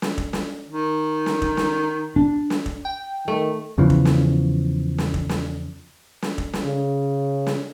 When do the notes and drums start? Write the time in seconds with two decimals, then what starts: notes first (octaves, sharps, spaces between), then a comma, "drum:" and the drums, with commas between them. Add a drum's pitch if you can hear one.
0.02 drum: snare
0.18 drum: kick
0.33 drum: snare
0.69 D#3
1.26 drum: snare
1.42 drum: kick
1.57 drum: snare
2.16 D4
2.50 drum: snare
2.66 drum: kick
2.85 G5
3.28 D#3 A3
3.78 E2 C#3 E3 F3
3.90 drum: kick
4.05 drum: snare
4.98 drum: snare
5.14 drum: kick
5.29 drum: snare
6.22 drum: snare
6.38 drum: kick
6.53 drum: snare
6.64 C#3
7.47 drum: snare